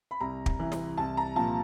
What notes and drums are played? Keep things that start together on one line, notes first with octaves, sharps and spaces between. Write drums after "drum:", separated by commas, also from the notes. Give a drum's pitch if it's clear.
B5
C2 A#5
drum: kick
C3 E3
drum: snare
C2 A5
A#5
A#2 F3 A5